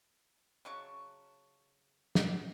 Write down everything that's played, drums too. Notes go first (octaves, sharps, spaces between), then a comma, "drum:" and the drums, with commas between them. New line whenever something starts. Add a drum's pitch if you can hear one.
C#3 F#3 A5 C#6
drum: snare